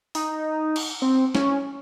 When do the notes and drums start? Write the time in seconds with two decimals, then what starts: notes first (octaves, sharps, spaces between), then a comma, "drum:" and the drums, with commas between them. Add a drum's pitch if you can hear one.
0.15 D#4, drum: open hi-hat
0.76 drum: cymbal
1.02 C4
1.35 C#4, drum: snare